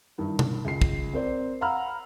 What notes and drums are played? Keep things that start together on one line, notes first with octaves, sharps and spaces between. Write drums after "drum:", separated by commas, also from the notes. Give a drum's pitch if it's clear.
G2 D#3 E3
drum: tom B2
C#2 C7
drum: kick
C4 A#4 C5 D5
F5 F#5 A#5 B5 E6 F6